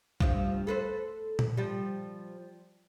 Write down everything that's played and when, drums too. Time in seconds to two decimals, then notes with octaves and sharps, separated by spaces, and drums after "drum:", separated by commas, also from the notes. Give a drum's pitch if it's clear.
0.20 D2 G2 F3, drum: kick
0.67 A4 B4 C5
1.39 drum: tom A#2
1.57 F3 G3